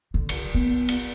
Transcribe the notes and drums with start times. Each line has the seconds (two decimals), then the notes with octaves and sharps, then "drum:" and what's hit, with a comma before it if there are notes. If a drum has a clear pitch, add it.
0.14 D3
0.29 drum: cymbal
0.55 B3
0.89 drum: cymbal